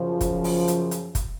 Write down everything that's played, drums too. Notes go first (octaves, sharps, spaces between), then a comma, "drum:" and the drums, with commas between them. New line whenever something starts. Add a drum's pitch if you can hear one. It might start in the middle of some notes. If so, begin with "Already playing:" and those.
Already playing: F#2 C#3 F3
drum: kick, hi-hat
drum: open hi-hat
drum: hi-hat
drum: hi-hat
drum: kick, hi-hat